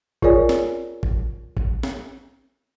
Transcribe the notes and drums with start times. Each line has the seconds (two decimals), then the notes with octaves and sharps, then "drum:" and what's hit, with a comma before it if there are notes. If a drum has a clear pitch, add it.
0.22 F4 G#4 A#4 C#5 D5 G#5, drum: kick A1
0.49 drum: snare
1.03 drum: kick A1
1.57 drum: kick A1
1.83 drum: snare